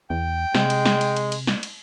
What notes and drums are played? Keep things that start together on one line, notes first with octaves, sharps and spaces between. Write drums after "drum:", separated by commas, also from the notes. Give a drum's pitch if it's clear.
E2 G5
C3 G#3, drum: snare
drum: cymbal
drum: snare
drum: cymbal
drum: cymbal
drum: cymbal
drum: snare
drum: cymbal